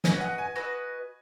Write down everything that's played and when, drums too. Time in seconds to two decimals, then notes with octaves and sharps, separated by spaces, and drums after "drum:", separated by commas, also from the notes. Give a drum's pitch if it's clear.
0.04 F#4 B4 D#5 G#5, drum: snare
0.21 F#5
0.38 G#5
0.56 F#4 B4 D#5